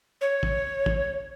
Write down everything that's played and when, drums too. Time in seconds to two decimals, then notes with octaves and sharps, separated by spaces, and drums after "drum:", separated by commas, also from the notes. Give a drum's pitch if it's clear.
0.21 C#5
0.43 drum: kick
0.86 drum: kick